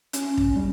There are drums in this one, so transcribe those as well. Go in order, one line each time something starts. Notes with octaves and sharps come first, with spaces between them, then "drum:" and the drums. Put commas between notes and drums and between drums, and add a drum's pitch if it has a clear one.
C#4, drum: hi-hat
drum: kick
G3